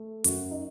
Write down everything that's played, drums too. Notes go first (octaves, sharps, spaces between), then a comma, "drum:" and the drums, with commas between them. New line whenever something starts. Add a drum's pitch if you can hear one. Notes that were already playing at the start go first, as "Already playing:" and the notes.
Already playing: A3
F#2 F#3 F#4, drum: hi-hat
D#4